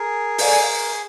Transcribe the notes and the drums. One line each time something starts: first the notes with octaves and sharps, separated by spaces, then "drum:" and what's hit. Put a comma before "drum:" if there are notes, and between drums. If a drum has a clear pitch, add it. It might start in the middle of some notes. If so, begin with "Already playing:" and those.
Already playing: G#4 A#4
A4 D5 F5 G#5, drum: open hi-hat